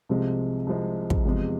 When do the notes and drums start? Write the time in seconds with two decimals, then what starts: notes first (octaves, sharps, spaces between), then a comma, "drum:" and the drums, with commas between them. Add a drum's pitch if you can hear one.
0.09 C2 C3 F3 G#3
0.67 C2 C3 F3 G#3
1.10 drum: kick
1.25 E2 C3 F3 G#3